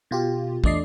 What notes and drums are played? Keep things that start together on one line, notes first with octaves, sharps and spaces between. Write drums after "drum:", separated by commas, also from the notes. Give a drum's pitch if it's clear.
B2 F4 G4
E2 A3 D4 D5 D#5 C7, drum: kick